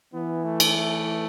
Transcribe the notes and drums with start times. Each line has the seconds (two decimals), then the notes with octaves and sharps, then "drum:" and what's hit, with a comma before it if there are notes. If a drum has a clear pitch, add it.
0.13 E3 B3
0.45 A3
0.60 drum: cymbal
0.76 A3